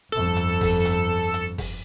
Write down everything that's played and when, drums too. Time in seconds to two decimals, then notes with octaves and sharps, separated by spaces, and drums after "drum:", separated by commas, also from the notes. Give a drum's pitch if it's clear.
0.12 G1 F2 A4
0.37 drum: hi-hat
0.61 drum: kick, open hi-hat
0.85 drum: hi-hat
1.34 drum: hi-hat
1.58 drum: kick, open hi-hat